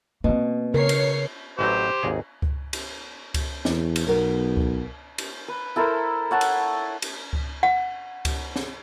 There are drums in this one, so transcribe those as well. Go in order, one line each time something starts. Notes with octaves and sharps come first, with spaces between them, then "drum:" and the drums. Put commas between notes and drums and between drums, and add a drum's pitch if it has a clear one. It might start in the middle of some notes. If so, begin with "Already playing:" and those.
B2 A#3 C4
C#3 A#4 C#5 C7
drum: cymbal
A1 E3 F#3 G4 C5
G#1 D#2 G#4
drum: kick C#2
drum: cymbal
drum: kick C#2, cymbal
E2, drum: snare
drum: cymbal
B1 B3 A#4
drum: kick C#2
drum: cymbal
B4
E4 A4 A#4 C5
C#5 F#5 A5
drum: cymbal
drum: cymbal
drum: kick C#2
F#5
drum: kick C#2, cymbal
drum: snare